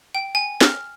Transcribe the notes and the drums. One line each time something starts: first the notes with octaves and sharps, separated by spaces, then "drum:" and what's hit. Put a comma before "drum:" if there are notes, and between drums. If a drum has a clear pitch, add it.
G5
G#5
F6, drum: snare